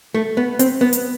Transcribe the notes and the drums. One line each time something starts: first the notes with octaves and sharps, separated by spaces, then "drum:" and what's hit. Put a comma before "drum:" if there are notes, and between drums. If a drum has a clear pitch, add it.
A3
B3
C4, drum: hi-hat
B3
drum: hi-hat